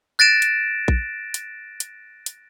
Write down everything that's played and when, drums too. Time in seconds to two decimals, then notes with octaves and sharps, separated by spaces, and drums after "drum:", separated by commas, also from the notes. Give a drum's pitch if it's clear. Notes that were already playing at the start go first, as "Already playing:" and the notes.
0.19 F#6 A6 A#6 D7 E7
0.42 drum: hi-hat
0.88 drum: kick A#1
1.34 drum: hi-hat
1.80 drum: hi-hat
2.26 drum: hi-hat